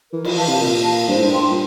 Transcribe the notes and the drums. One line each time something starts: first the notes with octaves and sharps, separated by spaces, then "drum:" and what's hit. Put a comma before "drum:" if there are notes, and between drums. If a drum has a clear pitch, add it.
E3 A#4
F3, drum: cymbal
E3 F5 A5
C3
A#2 A#4
F5 A5
G2 C5
A2
G2
G5 C6
A#2